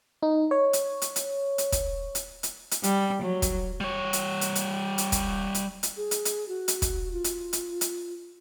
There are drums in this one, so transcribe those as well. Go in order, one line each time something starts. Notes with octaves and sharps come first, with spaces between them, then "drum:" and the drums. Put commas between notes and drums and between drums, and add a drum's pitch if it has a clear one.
D#4
C#5
drum: hi-hat
drum: hi-hat
drum: hi-hat
drum: hi-hat
drum: kick, hi-hat
drum: hi-hat
drum: hi-hat
drum: hi-hat
G3, drum: hi-hat
F#3
drum: kick, hi-hat
G3 C#5
drum: hi-hat
drum: hi-hat
drum: hi-hat
drum: hi-hat
drum: kick, hi-hat
drum: hi-hat
drum: hi-hat
G#4
drum: hi-hat
drum: hi-hat
F#4
drum: hi-hat
drum: kick, hi-hat
F4
drum: hi-hat
drum: hi-hat
drum: hi-hat